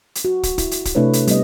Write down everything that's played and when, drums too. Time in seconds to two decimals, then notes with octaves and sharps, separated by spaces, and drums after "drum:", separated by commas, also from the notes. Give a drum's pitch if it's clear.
0.15 drum: hi-hat
0.25 F#4
0.43 drum: kick, hi-hat
0.58 E4, drum: kick, hi-hat
0.71 drum: hi-hat
0.85 drum: kick, hi-hat
0.95 C3 A3 D4 E4 B4 C#5
1.13 drum: hi-hat
1.27 G3 B3 D#5, drum: hi-hat